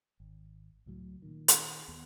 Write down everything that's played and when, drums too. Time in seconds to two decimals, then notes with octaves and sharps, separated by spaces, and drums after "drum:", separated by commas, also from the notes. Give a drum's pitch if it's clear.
0.20 G#1
0.86 C#2 A2 F#3
1.22 A#2 D#3
1.48 drum: hi-hat
1.88 D#2 B3